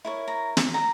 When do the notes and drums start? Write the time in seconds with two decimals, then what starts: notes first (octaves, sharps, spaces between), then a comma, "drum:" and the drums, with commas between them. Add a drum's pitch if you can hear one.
0.05 E4 A#4 C#5
0.28 A#5
0.57 drum: snare
0.74 A#5